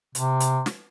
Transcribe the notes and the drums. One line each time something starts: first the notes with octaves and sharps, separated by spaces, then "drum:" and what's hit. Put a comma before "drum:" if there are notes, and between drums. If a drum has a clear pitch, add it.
C3, drum: hi-hat
drum: hi-hat
drum: snare